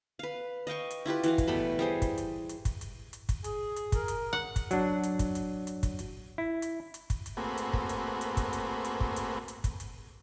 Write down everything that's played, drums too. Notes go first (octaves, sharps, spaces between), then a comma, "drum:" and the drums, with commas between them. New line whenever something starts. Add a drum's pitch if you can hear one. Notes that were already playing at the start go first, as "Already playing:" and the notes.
B4 F5
D#5 F5 G5 C#6
drum: hi-hat
E4 F4 G4 B4
E3 F#4 F5, drum: hi-hat
drum: kick, hi-hat
B2 G3 A3 B5
G3 G#4 C5
drum: kick, hi-hat
drum: hi-hat
drum: hi-hat
drum: kick, hi-hat
drum: hi-hat
drum: hi-hat
drum: kick, hi-hat
G#4, drum: hi-hat
drum: hi-hat
A#4, drum: kick, hi-hat
drum: hi-hat
F#5
drum: kick, hi-hat
F#3 D4, drum: hi-hat
drum: hi-hat
drum: kick, hi-hat
drum: hi-hat
drum: hi-hat
drum: kick, hi-hat
drum: hi-hat
E4
drum: hi-hat
drum: hi-hat
drum: kick, hi-hat
drum: hi-hat
A3 A#3 C4 F#4 G#4 B4
drum: hi-hat
drum: kick
drum: hi-hat
drum: hi-hat
drum: kick, hi-hat
drum: hi-hat
drum: hi-hat
drum: kick
drum: hi-hat
drum: hi-hat
drum: kick, hi-hat
drum: hi-hat